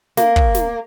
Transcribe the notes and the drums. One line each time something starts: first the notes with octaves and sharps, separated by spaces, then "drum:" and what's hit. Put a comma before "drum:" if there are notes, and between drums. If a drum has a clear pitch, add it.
A#3, drum: snare
drum: kick
drum: snare